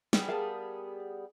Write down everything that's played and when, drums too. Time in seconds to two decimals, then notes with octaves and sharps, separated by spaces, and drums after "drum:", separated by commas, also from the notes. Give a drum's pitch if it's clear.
0.13 G3 B3 G#4, drum: snare
0.28 A#4 F5 A5